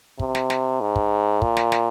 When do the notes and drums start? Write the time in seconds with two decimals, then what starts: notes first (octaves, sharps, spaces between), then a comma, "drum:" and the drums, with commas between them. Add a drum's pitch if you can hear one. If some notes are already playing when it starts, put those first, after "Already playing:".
0.20 C3, drum: kick
0.35 drum: snare
0.50 drum: snare
0.81 G#2
0.96 drum: kick
1.42 A#2, drum: kick
1.57 drum: snare
1.72 drum: snare